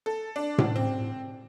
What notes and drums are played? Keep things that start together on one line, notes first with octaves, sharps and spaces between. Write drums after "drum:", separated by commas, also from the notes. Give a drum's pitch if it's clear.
A4
D4
drum: tom A2
C4